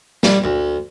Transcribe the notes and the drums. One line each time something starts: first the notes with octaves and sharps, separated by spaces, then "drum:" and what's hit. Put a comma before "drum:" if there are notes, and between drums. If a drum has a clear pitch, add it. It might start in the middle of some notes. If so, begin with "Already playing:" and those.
G3, drum: snare
D2